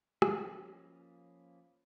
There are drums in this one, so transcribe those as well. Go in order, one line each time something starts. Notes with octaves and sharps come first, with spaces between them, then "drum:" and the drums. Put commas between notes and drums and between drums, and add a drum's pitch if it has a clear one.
F3 A#3 C#4 B4 D#5, drum: rim click